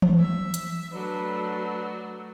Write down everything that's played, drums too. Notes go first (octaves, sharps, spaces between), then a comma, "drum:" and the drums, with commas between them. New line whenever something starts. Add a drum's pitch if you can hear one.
drum: tom E3
E5
drum: hi-hat
F#3 A3 D4 A4 B4